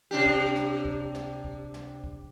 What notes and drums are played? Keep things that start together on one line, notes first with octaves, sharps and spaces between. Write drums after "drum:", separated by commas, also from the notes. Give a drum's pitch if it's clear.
C3 D4 G4
drum: kick C#2
drum: snare
drum: kick C#2
drum: snare
drum: kick C#2
drum: snare
drum: kick C#2